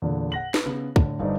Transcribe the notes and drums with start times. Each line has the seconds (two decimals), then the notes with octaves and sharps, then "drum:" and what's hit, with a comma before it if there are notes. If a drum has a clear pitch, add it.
0.02 E2 A#2 D3
0.32 F#5 A#6 F#7
0.54 B4, drum: snare
0.66 C#3 B3
0.96 A2 D3, drum: kick
1.20 G1 G2 D#4 C5 D5